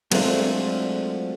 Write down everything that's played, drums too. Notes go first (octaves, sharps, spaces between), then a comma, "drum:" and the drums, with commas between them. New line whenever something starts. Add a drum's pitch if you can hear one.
F#3 G#3 A3 C4 D4 F4, drum: cymbal